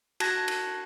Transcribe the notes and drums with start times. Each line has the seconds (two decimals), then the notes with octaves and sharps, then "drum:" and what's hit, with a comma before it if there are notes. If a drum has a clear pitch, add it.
0.20 F#4 A5 F#6 G#6 A#6, drum: cymbal
0.48 drum: cymbal